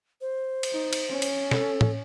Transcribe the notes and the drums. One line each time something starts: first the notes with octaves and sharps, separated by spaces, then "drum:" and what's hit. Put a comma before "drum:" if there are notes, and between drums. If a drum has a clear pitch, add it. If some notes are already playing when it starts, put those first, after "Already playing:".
C5
drum: cymbal
D#4
drum: cymbal
C#4
drum: cymbal
A4, drum: snare
drum: tom A2